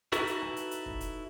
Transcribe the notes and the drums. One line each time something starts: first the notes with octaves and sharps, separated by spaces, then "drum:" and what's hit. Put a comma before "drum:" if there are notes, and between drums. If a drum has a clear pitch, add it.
D#4 E4 F#4 A4 B4, drum: hi-hat
drum: hi-hat
drum: rim click
drum: hi-hat
drum: hi-hat
drum: kick
drum: hi-hat